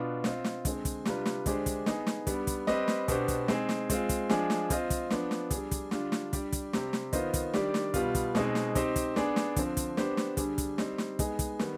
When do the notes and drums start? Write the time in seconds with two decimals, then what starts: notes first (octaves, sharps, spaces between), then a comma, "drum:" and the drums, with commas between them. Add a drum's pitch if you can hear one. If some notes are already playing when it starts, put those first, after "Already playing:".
Already playing: B2 B3 D4 F4
0.24 C4 F4 C5 D#5, drum: snare
0.44 drum: snare
0.65 D3 G#3 C4, drum: kick, hi-hat
0.85 drum: kick, hi-hat
1.05 C3 G3 D4 F4 B4, drum: snare
1.26 drum: snare
1.46 D3 G#3 D4 G4 C5, drum: kick, hi-hat
1.66 drum: kick, hi-hat
1.86 B3 D#4 G#4, drum: snare
2.07 drum: snare
2.27 G3 B3 D4, drum: kick, hi-hat
2.47 drum: kick, hi-hat
2.67 G3 C4 G4 B4 D#5, drum: snare
2.88 drum: snare
3.08 B2 B3 D4 G4 C5, drum: kick, hi-hat
3.28 drum: kick, hi-hat
3.48 G#3 C4 D#4 G#4, drum: snare
3.69 drum: snare
3.90 G#3 C4 F4, drum: kick, hi-hat
4.09 drum: kick, hi-hat
4.30 F3 G#3 D4 G#4, drum: snare
4.50 drum: snare
4.70 C4 F4 C5 D#5, drum: kick, hi-hat
4.90 drum: kick, hi-hat
5.10 F3 B3 D4, drum: snare
5.31 drum: snare
5.51 G3 D4 G#4, drum: kick, hi-hat
5.71 drum: kick, hi-hat
5.91 D3 G3 D4 F4, drum: snare
6.12 drum: snare
6.33 G3 D4 G4 D5, drum: kick, hi-hat
6.52 drum: kick, hi-hat
6.73 C3 G3 C4 G4, drum: snare
6.93 drum: snare
7.13 D#3 B3 F4 C5 D#5, drum: kick, hi-hat
7.34 drum: kick, hi-hat
7.54 D#3 G3 D4 G4 D5, drum: snare
7.74 drum: snare
7.94 B2 G3 B3 F4, drum: kick, hi-hat
8.15 drum: kick, hi-hat
8.35 B2 G#3 C4 D#4, drum: snare
8.55 drum: snare
8.75 C4 D#4 G4 C5, drum: kick, hi-hat
8.96 drum: kick, hi-hat
9.16 B3 D4 G#4 D5, drum: snare
9.36 drum: snare
9.56 D3 F3 C4, drum: kick, hi-hat
9.77 drum: kick, hi-hat
9.97 B3 D4 G4 C5, drum: snare
10.17 drum: snare
10.37 D3 G3 D4 G#4, drum: kick, hi-hat
10.58 drum: kick, hi-hat
10.78 G3 C4 D#4, drum: snare
10.98 drum: snare
11.19 G#3 B3 D#4 G#4, drum: kick, hi-hat
11.39 drum: kick, hi-hat
11.59 D#3 G3 B3, drum: snare